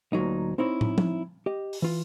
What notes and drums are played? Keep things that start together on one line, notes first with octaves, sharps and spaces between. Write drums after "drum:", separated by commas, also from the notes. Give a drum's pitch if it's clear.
D2 A#2 F#3 D#4
C4 D#4 E4 C#5
drum: tom
drum: tom F3
G4 D#5
drum: open hi-hat
E3 F4